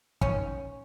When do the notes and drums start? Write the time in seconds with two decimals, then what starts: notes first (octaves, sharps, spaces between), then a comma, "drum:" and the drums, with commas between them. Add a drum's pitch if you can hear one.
0.21 D#3 C#4, drum: kick